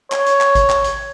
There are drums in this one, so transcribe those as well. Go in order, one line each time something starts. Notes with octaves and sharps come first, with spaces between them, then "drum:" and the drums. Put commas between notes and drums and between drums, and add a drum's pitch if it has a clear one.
C#5, drum: clap
drum: hi-hat
drum: clap
drum: kick G#1, hi-hat
drum: clap
drum: hi-hat